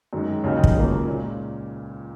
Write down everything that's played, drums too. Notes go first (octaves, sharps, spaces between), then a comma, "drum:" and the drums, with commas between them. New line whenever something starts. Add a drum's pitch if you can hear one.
F#2 D#3 G#3
D#2 C#3 F#3 D#4
drum: kick
C#2 C#3 F#3 A#3
A#2 G#3 C#4